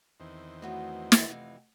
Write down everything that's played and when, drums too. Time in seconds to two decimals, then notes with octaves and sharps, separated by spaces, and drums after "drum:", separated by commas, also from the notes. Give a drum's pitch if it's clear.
0.20 E2 D#3 C4
0.62 E3 F#3 A3 B3 F#5
1.12 drum: snare
1.26 F2 C3 E3